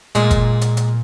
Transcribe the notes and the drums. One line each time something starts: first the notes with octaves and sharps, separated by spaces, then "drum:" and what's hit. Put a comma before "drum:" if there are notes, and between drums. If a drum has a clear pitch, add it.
A#2 G#3, drum: hi-hat
drum: kick F#1, hi-hat
drum: hi-hat
drum: hi-hat